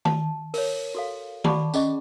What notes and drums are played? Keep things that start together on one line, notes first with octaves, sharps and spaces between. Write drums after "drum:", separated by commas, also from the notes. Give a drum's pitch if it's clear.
A5, drum: tom D#3
A#4 C#5, drum: open hi-hat
F#4 A4 F5
D5 F#5 A5 B5 C#6 D6, drum: tom D#3
C#4 G#4 D#5 C#6, drum: tambourine